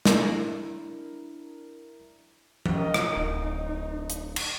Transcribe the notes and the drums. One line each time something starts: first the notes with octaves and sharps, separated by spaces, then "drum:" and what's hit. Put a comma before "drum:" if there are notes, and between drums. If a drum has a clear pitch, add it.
D4 E4 A#4, drum: snare
drum: tom
A#4 D#5
drum: rim click
D1 D#4
drum: hi-hat
drum: cymbal